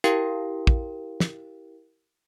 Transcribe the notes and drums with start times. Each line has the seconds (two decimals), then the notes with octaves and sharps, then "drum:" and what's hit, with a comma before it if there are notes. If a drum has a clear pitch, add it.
0.04 E4 G4 A#4 F5 G5, drum: hi-hat
0.67 drum: kick
1.20 drum: snare